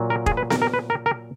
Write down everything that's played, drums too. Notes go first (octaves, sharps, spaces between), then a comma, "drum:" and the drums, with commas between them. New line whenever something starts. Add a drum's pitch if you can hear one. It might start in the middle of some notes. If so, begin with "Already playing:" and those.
Already playing: A#2 F#3
A#4
G#4, drum: kick F1
B4
A#4, drum: snare B3
A#4
B4
A#4
A#4